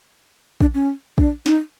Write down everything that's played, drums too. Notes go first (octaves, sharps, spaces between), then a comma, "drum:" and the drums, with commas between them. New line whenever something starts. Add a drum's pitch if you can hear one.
D4, drum: kick
C#4
D4, drum: kick
D#4, drum: snare